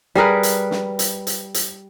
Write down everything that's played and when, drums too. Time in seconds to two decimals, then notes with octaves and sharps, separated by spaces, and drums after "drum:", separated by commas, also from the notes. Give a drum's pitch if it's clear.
0.15 G3 G#4 A#4 B4
0.43 drum: hi-hat
0.71 drum: snare
0.99 drum: hi-hat
1.27 drum: hi-hat
1.54 drum: hi-hat